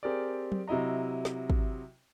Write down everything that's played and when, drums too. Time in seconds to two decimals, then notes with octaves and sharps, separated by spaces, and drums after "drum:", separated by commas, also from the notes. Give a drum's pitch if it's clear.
0.03 C4 G4 G#4 A#4 D5
0.52 drum: tom F#3
0.68 C3 F#3 E4 D#5 A#5
1.25 drum: snare
1.50 drum: kick